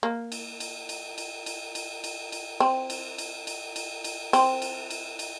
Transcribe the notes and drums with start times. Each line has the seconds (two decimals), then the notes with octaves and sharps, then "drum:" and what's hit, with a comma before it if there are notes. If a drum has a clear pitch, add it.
0.03 A#3
0.32 drum: cymbal
0.60 drum: cymbal
0.89 drum: cymbal
1.18 drum: cymbal
1.46 drum: cymbal
1.75 drum: cymbal
2.04 drum: cymbal
2.32 drum: cymbal
2.60 C4
2.90 drum: cymbal
3.18 drum: cymbal
3.47 drum: cymbal
3.76 drum: cymbal
4.04 drum: cymbal
4.33 C4, drum: cymbal
4.62 drum: cymbal
4.90 drum: cymbal
5.19 drum: cymbal